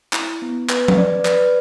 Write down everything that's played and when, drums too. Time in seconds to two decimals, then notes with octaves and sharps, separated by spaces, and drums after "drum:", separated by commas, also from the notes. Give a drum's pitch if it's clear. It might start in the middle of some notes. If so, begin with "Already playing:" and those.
0.13 E4, drum: clap
0.42 B3
0.69 B4, drum: clap
0.88 drum: tom
0.98 D5
1.25 B4, drum: clap